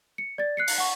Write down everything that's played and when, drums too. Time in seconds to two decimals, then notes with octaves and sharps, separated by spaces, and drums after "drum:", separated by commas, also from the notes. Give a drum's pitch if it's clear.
0.18 C#7
0.38 D5 A6
0.57 F#6 C7 C#7
0.67 drum: open hi-hat
0.78 F#5 C#6